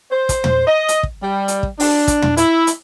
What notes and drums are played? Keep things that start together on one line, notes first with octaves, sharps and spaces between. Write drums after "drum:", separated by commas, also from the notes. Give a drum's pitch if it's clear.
C5
drum: kick, hi-hat
drum: tom
D#5
drum: hi-hat
drum: kick
G3
drum: hi-hat
drum: kick
D4, drum: open hi-hat
drum: kick, hi-hat
drum: tom
E4, drum: hi-hat
drum: hi-hat